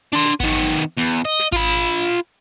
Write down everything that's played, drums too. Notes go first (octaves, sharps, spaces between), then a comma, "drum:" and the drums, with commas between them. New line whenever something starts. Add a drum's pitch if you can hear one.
D4 C6, drum: hi-hat
drum: snare
D#3 B3, drum: kick G#1, hi-hat
drum: hi-hat
E2, drum: hi-hat
D#5, drum: hi-hat
drum: snare
F4 B5, drum: kick G#1, hi-hat
drum: hi-hat
drum: hi-hat